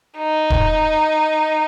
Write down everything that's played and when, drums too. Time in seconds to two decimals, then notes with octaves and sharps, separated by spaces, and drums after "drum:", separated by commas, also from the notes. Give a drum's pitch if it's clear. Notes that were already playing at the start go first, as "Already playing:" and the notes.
0.18 D#4
0.50 drum: kick